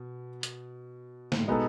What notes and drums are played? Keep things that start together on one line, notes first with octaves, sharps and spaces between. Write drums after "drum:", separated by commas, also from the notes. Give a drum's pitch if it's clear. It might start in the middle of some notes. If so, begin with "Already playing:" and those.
Already playing: B2
drum: hi-hat
G#2, drum: snare
A2
B2 G#3 B3 D#4 A4